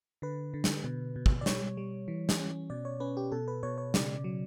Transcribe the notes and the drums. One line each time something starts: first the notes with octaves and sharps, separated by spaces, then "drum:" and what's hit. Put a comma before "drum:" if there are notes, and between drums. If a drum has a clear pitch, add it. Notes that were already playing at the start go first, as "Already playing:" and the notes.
D3 B4
D3
drum: snare
B2
B2
drum: kick
D5
G3 C#5, drum: snare
G3
E3
drum: snare
C#4
B2 D5
C#5
C#4 B4
G4
B2 A4
B4
B2 C#5
C#5
C#3 D5, drum: snare
F#3